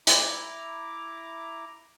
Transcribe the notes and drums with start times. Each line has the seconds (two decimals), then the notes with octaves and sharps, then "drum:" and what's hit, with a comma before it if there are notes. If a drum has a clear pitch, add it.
0.07 E4 A#5 D6, drum: hi-hat